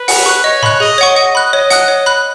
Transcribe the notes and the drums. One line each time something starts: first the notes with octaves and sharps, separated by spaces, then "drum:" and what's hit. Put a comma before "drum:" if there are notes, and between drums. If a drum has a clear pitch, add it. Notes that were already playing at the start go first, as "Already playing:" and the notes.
Already playing: B4
F#5, drum: open hi-hat
C#6 F#6
C#5 D#5
B5 F#6, drum: snare G#2
G#4 D#5
C#5 F#5 C#6
D#5 F#5
B5 F#6
C#5 D#5
F#5 D#6 F#6, drum: hi-hat
C#5
B5 F#6